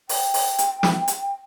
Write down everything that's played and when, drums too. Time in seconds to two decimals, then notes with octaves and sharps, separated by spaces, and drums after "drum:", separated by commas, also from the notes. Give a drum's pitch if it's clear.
0.09 G5, drum: open hi-hat
0.34 drum: open hi-hat
0.58 drum: hi-hat
0.83 drum: snare
1.08 drum: hi-hat